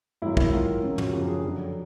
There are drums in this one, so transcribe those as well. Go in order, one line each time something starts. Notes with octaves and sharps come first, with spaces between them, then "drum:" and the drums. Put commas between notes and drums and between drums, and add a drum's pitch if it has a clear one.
G#2 D#3 F#3 E4
E4, drum: kick
G#2 D#3 F#3 F4
F#2 C#3 F3
F#4, drum: tom
F#2 C#3 F3 G4
G#4
F2 D3 F#3